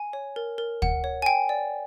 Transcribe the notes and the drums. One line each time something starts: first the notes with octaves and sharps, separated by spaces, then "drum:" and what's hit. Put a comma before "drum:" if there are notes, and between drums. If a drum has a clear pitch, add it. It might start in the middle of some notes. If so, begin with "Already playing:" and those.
Already playing: G#5
C#5
A#4
A#4
F#5, drum: kick
C#5
G#5
G5
D5